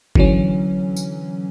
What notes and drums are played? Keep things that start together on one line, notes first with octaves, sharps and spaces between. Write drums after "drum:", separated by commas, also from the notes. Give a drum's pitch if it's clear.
D3 E3 F#3 C#4, drum: kick
drum: tambourine